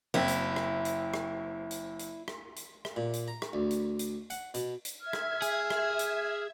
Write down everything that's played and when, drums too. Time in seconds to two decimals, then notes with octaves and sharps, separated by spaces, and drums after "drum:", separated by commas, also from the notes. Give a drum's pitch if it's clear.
0.14 F#1 C4 E4
0.28 drum: hi-hat
0.56 drum: rim click
0.85 drum: hi-hat
1.14 drum: rim click
1.71 drum: hi-hat
1.99 drum: hi-hat
2.28 drum: rim click
2.56 drum: hi-hat
2.85 drum: rim click
2.96 A#2
3.13 drum: hi-hat
3.28 A#5
3.42 drum: rim click
3.53 D2
3.71 drum: hi-hat
3.99 drum: hi-hat
4.30 F#5, drum: hi-hat
4.54 B2, drum: hi-hat
4.85 drum: hi-hat
5.01 E5 F6 G#6
5.13 drum: rim click
5.42 G#4, drum: hi-hat
5.70 drum: rim click
5.99 drum: hi-hat